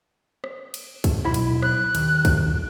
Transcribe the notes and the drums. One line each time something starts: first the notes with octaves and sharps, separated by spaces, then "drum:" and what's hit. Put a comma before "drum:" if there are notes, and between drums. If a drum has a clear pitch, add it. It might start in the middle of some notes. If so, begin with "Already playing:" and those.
drum: rim click
drum: cymbal
drum: kick, cymbal
B1 E4 B5
drum: cymbal
F#6, drum: rim click
D#2, drum: cymbal
drum: kick, cymbal